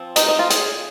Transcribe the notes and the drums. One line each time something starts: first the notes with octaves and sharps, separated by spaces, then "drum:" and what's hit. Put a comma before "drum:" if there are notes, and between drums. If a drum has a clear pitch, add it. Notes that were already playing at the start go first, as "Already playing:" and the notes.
Already playing: F3 C4
D#4, drum: hi-hat
D#4
F4
G#4, drum: hi-hat